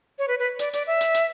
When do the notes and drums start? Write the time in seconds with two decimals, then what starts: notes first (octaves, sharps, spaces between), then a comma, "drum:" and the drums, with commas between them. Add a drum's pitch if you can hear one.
0.19 C#5
0.28 B4
0.39 B4
0.59 D5, drum: hi-hat
0.73 D5, drum: hi-hat
0.87 E5
1.01 drum: hi-hat
1.14 drum: hi-hat